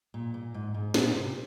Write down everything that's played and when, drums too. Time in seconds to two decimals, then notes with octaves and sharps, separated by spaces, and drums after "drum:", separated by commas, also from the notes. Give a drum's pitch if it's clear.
0.14 A#2
0.34 A#2
0.54 G#2
0.74 G#2
0.94 A#2, drum: snare
1.15 C3